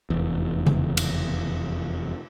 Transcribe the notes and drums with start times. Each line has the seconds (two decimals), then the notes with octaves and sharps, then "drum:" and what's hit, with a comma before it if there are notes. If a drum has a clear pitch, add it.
0.10 F1 E2
0.66 drum: tom C#3
0.97 drum: cymbal